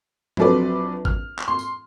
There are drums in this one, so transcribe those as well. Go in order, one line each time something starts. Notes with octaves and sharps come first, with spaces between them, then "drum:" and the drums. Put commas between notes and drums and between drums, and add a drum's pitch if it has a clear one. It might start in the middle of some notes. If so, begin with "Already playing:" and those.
A#1 F#3 C4 A4 B4 D5, drum: tom G2
F6, drum: kick G#1
drum: clap
C6
drum: tambourine